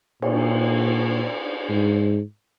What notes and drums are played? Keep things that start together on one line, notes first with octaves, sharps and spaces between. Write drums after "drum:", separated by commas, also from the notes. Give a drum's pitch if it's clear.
A#2, drum: cymbal
G#2